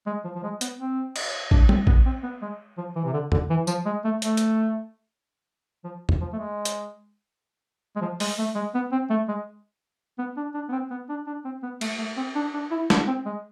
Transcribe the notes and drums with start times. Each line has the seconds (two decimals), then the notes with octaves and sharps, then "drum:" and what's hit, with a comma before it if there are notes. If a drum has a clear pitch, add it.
0.06 G#3
0.25 F3
0.35 F3
0.43 G#3
0.61 B3, drum: hi-hat
0.79 C4
1.16 drum: cymbal
1.51 D4, drum: kick A1
1.69 C4, drum: tom
1.87 B3, drum: kick A1
2.06 C4
2.23 B3
2.42 G#3
2.77 F3
2.96 E3
3.05 C3
3.13 D3
3.32 D3, drum: tom E2
3.50 E3
3.67 F3, drum: tambourine
3.86 G#3
4.04 A3
4.22 A3, drum: hi-hat
4.37 drum: hi-hat
5.84 F3
6.09 drum: tom E2
6.21 F3
6.33 A3
6.39 G#3
6.65 drum: hi-hat
7.96 G#3
8.01 F3
8.20 G#3, drum: open hi-hat
8.38 A3
8.55 G#3
8.75 B3
8.92 C4
9.10 A3
9.28 G#3
10.19 B3
10.37 D4
10.54 D4
10.69 B3
10.72 C4
10.91 B3
11.09 D4
11.27 D4
11.45 C4
11.63 B3
11.81 A3, drum: cymbal
11.99 A3
12.17 C4
12.35 D4
12.54 D4
12.71 E4
12.90 D4, drum: snare G#3
13.08 C4
13.26 G#3